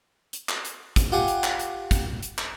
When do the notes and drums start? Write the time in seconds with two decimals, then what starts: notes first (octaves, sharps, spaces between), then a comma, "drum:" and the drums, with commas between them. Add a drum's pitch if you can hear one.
0.33 drum: hi-hat
0.49 drum: clap
0.65 drum: hi-hat
0.96 drum: kick, hi-hat
1.12 F4 G4 F#5 G#5
1.28 drum: hi-hat
1.44 drum: clap
1.59 drum: hi-hat
1.91 drum: kick, hi-hat
2.23 drum: hi-hat
2.38 drum: clap